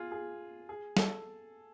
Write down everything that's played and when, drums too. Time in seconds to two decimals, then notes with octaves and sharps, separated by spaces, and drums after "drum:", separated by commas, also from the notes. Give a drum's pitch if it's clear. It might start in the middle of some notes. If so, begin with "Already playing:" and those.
Already playing: F4 G#4
0.12 G#4
0.69 G#4
0.97 A4, drum: snare